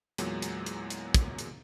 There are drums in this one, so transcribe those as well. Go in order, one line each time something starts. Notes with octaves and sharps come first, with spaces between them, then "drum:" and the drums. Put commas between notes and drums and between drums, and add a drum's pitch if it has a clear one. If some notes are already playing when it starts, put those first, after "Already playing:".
E2 A#2 F#3 G#3, drum: hi-hat
drum: hi-hat
drum: hi-hat
drum: hi-hat
drum: kick, hi-hat
drum: hi-hat